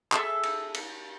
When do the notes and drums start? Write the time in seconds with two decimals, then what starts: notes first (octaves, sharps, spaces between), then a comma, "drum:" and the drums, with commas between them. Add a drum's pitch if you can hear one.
0.12 G#4 A4 E5, drum: clap
0.43 drum: cymbal
0.74 drum: cymbal